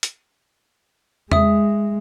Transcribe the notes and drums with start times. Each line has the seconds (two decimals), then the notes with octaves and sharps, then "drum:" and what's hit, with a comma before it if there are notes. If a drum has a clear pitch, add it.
0.03 drum: hi-hat
1.32 G#3 E5 D#6, drum: tom E2